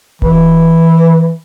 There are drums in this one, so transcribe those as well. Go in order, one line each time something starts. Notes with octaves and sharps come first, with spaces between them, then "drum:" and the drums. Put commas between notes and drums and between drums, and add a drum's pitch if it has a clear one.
E3, drum: kick D1